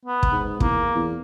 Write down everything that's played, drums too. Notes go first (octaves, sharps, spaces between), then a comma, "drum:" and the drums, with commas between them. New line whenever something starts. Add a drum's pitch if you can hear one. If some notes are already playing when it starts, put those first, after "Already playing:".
B3
drum: kick
G#2
E2 A#3, drum: kick
E2